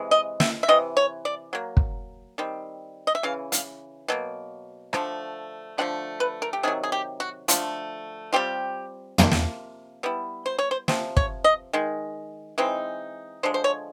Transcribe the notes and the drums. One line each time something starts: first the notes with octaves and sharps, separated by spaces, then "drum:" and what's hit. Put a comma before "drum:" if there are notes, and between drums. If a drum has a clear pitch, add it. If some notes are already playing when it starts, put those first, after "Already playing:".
Already playing: C3 E3 G#3
D#5
E5, drum: snare
E5
C3 E3 D#5
C#5
D5
F#3 A#3
drum: kick
D#3 G3 C4
D#5
E5
C#3 E3 F5
F5, drum: hi-hat
B2 F#3 A#3
D3 F3 A3, drum: rim click
D3 F3 A3 F#5
B4
A#4
G4
C3 D#3 F#3 G#4
G#4
G4
F#4
D3 F3 A3 F4, drum: hi-hat
G3 C4 F4 G4
C3 F3 A#3, drum: tom
drum: snare
G3 B3 E4
C5
C#5
C5
C3 F3, drum: snare
C#5, drum: kick
D#5
D#3 G#3
E3 G#3 C4 D#4
D3 F3 G#3 C5
C5
C#5